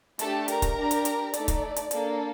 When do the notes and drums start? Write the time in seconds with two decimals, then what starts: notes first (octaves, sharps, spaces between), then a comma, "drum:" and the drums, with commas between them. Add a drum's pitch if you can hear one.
0.19 A3 D4 G4 A4 A5, drum: hi-hat
0.48 A#4 A#5, drum: hi-hat
0.62 drum: kick, hi-hat
0.76 D4 G4
0.91 drum: hi-hat
1.05 drum: hi-hat
1.34 A3 D#4 A4 D5, drum: hi-hat
1.48 drum: kick, hi-hat
1.76 drum: hi-hat
1.91 A#3 D4 A4, drum: hi-hat